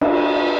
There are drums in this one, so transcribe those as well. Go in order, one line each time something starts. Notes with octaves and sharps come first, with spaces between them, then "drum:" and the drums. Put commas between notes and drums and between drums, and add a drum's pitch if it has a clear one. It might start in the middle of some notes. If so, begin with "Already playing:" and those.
D4, drum: cymbal